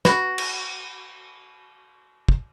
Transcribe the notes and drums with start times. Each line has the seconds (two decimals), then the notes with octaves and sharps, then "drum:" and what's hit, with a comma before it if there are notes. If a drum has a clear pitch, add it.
0.05 F#4 B4, drum: snare
0.38 drum: cymbal
2.29 drum: kick